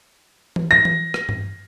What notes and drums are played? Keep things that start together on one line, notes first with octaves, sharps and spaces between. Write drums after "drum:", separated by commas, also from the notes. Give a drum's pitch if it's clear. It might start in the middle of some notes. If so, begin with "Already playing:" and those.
drum: tom E3
A#6
drum: tom E3
drum: rim click
drum: tom G2